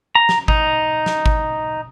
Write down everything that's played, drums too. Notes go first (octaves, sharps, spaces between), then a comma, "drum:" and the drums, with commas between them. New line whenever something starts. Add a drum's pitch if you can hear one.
A#5
drum: snare
D#4, drum: kick G#1
drum: snare
drum: kick G#1